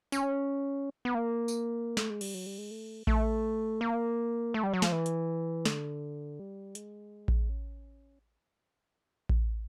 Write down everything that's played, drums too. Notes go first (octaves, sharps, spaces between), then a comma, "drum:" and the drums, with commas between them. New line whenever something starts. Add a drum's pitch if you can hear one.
C#4, drum: tambourine
B3
A#3
drum: tambourine
A3, drum: snare
G#3
G3, drum: cymbal
F#3
G3
G#3
A3
A3, drum: kick A1
A#3
A3
G3
F#3
F3, drum: snare
E3
drum: hi-hat
D3, drum: snare
G3
G#3, drum: hi-hat
drum: kick A1
C#4
drum: kick A1